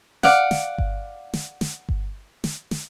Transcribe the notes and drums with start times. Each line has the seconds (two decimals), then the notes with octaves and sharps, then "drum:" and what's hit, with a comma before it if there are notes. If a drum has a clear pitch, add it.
0.23 D5 F5 F#5, drum: snare
0.51 drum: snare
0.78 drum: kick G1
1.34 drum: snare
1.61 drum: snare
1.89 drum: kick G1
2.44 drum: snare
2.71 drum: snare